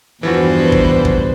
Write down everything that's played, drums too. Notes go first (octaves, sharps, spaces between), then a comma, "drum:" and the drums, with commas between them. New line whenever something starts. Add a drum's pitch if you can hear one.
E2 G2 E3 F3 F#4 B4 C5
drum: kick
drum: kick